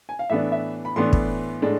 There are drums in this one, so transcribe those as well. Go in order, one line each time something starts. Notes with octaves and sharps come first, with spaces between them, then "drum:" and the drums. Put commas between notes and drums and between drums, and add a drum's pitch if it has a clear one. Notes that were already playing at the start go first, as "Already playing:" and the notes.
G#5
F5
A2 E3 B3 D4 E5
E5
B5
A2 E3 B3 D4 C6
drum: kick
A2 G#3 D4